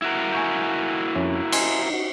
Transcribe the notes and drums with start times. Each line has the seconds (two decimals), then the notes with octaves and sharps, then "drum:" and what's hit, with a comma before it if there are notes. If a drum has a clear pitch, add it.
0.02 E4 F#4 A#4
0.32 G#5 C#6 G6
1.16 F2 C#4 E5
1.52 D#5 G#5 C6, drum: cymbal
1.90 D#4 F#4